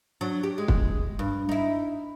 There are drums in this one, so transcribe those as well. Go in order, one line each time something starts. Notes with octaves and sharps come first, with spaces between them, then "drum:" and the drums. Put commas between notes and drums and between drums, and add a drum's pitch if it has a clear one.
F#3 D4
G4
G#3
drum: kick
G2
D#4 E4